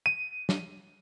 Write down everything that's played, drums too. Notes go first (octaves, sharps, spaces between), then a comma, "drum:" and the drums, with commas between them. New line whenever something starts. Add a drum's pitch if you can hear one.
D#7
drum: snare